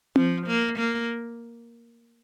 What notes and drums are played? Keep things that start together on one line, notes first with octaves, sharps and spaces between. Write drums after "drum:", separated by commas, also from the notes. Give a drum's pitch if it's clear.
F3, drum: tom C4
A#3
A#3